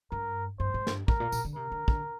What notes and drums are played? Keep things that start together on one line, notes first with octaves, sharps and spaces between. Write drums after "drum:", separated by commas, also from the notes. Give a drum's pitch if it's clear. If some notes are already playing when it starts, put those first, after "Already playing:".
G2 A#4
G2 C5
G#2
G2, drum: snare
G#2 A#4, drum: kick
A#2
A#2, drum: tambourine
D3
C3 A#4
D3
D3, drum: kick